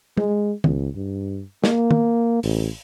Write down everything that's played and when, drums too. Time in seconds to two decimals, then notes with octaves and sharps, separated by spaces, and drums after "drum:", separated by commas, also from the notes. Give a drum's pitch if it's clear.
0.17 G#3, drum: tom
0.64 C#2, drum: tom D#3
0.95 G2
1.64 A#3, drum: snare
1.91 drum: tom D#3
2.43 A1, drum: open hi-hat